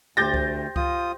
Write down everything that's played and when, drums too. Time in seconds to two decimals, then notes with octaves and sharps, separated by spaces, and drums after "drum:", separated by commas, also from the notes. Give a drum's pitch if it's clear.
0.17 D2 G4 C5 G6 A6 A#6
0.34 drum: kick C#2
0.76 F4 D#6, drum: kick C#2